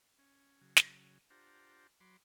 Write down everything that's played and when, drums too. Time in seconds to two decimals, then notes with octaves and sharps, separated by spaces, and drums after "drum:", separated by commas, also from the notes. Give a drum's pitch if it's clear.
0.19 C#4
0.61 C#3 F#3
0.77 drum: snare
1.30 D4 F4 G4 C5 F#5 A#5
2.00 F#3 B5 C6 D6